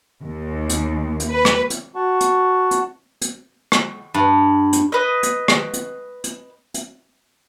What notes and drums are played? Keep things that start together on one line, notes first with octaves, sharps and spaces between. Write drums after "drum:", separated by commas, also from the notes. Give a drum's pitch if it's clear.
D#2
drum: hi-hat
drum: hi-hat
B4
drum: rim click
drum: hi-hat
F#4 F#5 A5 C#6
drum: hi-hat
drum: hi-hat
drum: hi-hat
drum: rim click
G2
drum: hi-hat
B4 D#5
drum: hi-hat
drum: rim click
drum: hi-hat
drum: hi-hat
drum: hi-hat